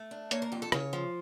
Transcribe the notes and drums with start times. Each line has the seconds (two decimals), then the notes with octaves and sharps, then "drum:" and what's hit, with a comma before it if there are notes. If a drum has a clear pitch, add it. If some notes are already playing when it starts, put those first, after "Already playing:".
Already playing: A3
0.11 D4
0.31 A#3 C#5, drum: hi-hat
0.42 A#4
0.52 F2 G4
0.62 A4
0.72 C#3 C#5, drum: rim click
0.93 F3